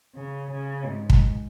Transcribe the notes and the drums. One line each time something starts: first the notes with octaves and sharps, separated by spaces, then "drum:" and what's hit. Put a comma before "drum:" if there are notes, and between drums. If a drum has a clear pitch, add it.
C#3
C#3
G#2
drum: kick